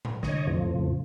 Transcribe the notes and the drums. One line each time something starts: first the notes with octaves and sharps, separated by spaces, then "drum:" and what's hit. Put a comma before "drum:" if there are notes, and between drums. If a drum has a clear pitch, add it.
drum: tom G#2
C2 D3 C#5 D#5, drum: snare
F2 A2 F3
C#3